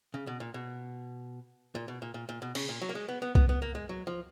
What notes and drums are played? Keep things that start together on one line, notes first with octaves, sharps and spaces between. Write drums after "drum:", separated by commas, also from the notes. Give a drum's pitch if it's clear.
C#3
B2
A#2
B2
A#2
B2
A#2
A#2
A#2
B2
C#3, drum: cymbal
A#2
F#3
A#3
G#3
B3
B3
B3, drum: kick C2
B3
A#3
G#3
F#3
F3